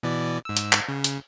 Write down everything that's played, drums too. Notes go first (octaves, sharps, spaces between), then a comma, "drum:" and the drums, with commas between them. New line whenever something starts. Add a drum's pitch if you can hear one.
B2 E3 D5
G#2 E6
drum: hi-hat
drum: clap
C#3
drum: hi-hat